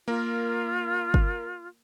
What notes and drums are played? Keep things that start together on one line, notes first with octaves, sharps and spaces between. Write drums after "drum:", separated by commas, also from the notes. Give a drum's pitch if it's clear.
A#3 F4 A#4
drum: kick G1